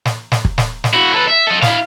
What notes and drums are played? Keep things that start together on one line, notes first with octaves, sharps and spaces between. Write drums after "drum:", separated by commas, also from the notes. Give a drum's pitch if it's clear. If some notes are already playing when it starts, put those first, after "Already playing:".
drum: snare
drum: snare
drum: kick
drum: snare
drum: snare
E4 F#4
A4 B4
E5
A4 D#5
E4 F5, drum: snare